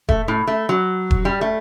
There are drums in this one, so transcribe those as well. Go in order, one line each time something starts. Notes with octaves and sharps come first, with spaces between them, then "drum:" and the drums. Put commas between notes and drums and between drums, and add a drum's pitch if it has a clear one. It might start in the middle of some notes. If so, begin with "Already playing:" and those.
A3, drum: kick E1
A2
A3
F#3
drum: kick E1
G3
A3